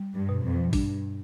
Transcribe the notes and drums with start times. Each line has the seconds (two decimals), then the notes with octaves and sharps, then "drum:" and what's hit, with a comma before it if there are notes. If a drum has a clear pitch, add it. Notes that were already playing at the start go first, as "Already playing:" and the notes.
Already playing: G3
0.14 G2
0.29 B2
0.43 F2
0.73 G2 D4, drum: kick A1, open hi-hat